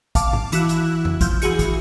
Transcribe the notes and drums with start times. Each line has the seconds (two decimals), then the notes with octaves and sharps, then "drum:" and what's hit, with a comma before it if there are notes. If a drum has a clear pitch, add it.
0.15 F5 A5 D6, drum: kick, hi-hat
0.33 drum: tom G#2
0.52 E3 E4 F#4 E6 F#6, drum: hi-hat
0.69 drum: hi-hat
1.05 drum: tom F2
1.21 F3 G6, drum: kick, hi-hat
1.42 E3 F#4 G#4 C#7, drum: hi-hat
1.59 drum: kick, hi-hat